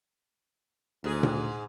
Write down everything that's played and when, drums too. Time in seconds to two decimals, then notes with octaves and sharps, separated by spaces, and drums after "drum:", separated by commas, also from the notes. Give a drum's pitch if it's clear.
1.04 D2 G#2 G#4
1.23 drum: tom A#2